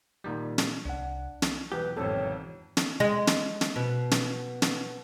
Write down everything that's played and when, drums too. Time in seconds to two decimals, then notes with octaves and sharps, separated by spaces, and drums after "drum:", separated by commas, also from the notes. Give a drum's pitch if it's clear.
0.24 A#2 D#3 G3
0.58 drum: snare
0.85 C2 D4 F#5
1.42 drum: snare
1.72 B1 E2 G4 B4
1.97 G#1 F2 C4 A4 C#5
2.77 drum: snare
3.00 G#3
3.27 drum: snare
3.61 drum: snare
3.76 B2
4.11 drum: snare
4.62 drum: snare